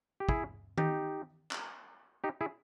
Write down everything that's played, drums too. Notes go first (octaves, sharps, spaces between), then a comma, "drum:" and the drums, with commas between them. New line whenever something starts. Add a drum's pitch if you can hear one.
G4
E4 G#4, drum: kick
D#4 G4, drum: tom D#3
drum: clap
D#4 G4
E4 G#4